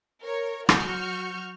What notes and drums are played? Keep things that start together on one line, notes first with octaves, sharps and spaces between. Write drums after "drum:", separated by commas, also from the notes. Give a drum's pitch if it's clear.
A#4 C#5
F#3 F#4 C#6 F6 G6, drum: rim click